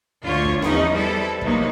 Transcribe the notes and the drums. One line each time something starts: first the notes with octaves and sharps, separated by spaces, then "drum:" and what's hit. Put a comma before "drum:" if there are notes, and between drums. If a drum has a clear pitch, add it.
D2 D3 F4 C#5
drum: kick
E2 E3 F3 C#4 D#4 D#5, drum: snare C4
G3 C4 E4 A4 B4
C3 F#3 A#3 B3 D#4, drum: kick